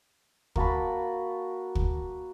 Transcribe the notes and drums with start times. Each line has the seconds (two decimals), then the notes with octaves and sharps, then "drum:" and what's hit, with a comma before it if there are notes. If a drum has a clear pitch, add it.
0.56 A#3 F#4 A5 B5, drum: kick
1.75 drum: kick